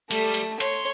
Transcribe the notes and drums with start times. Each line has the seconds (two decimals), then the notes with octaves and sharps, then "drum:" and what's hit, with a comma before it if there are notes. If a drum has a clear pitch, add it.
0.11 G3 A3, drum: hi-hat
0.34 drum: hi-hat
0.60 C#5 C6, drum: hi-hat